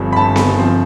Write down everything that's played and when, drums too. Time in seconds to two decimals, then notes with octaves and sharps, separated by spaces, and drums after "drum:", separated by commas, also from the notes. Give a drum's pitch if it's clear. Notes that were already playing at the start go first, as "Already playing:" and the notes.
Already playing: G1 G2 F3 C4
0.13 B5
0.16 G1 A5
0.36 drum: snare B3
0.59 F3 C4